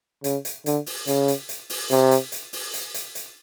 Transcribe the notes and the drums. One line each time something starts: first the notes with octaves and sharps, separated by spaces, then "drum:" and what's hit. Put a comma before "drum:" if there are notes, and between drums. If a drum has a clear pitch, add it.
C#3, drum: hi-hat
drum: hi-hat
D3, drum: hi-hat
drum: open hi-hat
C#3, drum: hi-hat
drum: hi-hat
drum: hi-hat
drum: open hi-hat
C3, drum: hi-hat
drum: hi-hat
drum: hi-hat
drum: open hi-hat
drum: hi-hat
drum: hi-hat
drum: hi-hat